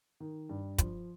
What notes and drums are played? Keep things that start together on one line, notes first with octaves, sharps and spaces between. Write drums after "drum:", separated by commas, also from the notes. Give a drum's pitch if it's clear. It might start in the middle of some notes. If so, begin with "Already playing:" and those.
D#3
G2
F3, drum: kick, hi-hat